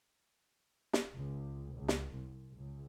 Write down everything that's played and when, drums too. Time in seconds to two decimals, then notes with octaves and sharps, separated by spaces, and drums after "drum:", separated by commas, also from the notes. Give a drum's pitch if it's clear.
0.93 drum: snare
1.14 C#2
1.76 C#2
1.88 drum: snare
2.12 C2
2.56 C#2